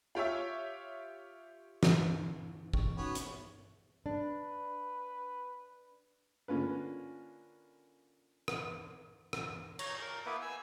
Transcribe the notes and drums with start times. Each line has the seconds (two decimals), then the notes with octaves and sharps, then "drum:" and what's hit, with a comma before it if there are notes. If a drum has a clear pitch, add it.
0.15 F4 G4 C#5 E5
1.83 drum: snare
2.73 E3 G5 C#6, drum: kick G#1
2.97 B3 C#4 D#4 F#4 C#5
3.15 drum: hi-hat
4.06 D4 B4
6.48 D3 A#3 C#4 F4 B4
8.48 drum: rim click
9.33 drum: rim click
9.79 C#5 A#5, drum: cymbal
10.02 A#4
10.26 A#3 B3 E4 B4
10.42 G#5 E6